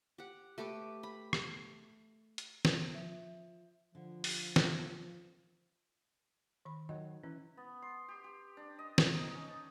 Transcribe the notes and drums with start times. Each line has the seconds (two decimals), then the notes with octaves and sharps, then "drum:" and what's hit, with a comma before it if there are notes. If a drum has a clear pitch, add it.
0.18 G4 F#5
0.58 A3 G4 B4 D6
1.03 B5
1.33 drum: rim click
2.38 drum: hi-hat
2.65 drum: snare
2.94 F3 E5
3.95 D3 F3
4.24 drum: open hi-hat
4.56 drum: snare
6.65 D#3 B5
6.89 D#3 F#3 D#5
7.23 E3 C#4
7.57 B3
7.82 C6
8.08 G4
8.24 G4
8.57 D4
8.79 D#5
8.98 drum: snare
9.15 D#4
9.35 C#4
9.48 A5